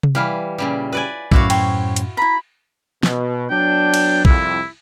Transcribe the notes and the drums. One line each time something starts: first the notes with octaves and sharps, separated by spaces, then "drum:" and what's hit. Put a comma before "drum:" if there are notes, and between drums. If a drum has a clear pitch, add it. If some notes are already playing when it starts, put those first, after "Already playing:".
drum: tom C3
E3 G3 E4 F5
A#2 C#3 G3
B4 D5 G#5
F#2 A2 E4 F#4 D5 F5 C#6, drum: kick
C5 C#5 G5, drum: cymbal
drum: hi-hat
E4 A#5 B5
B2, drum: snare
F#3 B3 D4 G5
drum: cymbal
C2 F2 E4, drum: kick